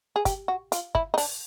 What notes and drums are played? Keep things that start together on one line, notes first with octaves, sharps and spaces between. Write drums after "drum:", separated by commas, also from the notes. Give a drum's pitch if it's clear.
G#4
G4, drum: kick, hi-hat
F#4
F4, drum: hi-hat
E4, drum: kick
D#4
D4, drum: open hi-hat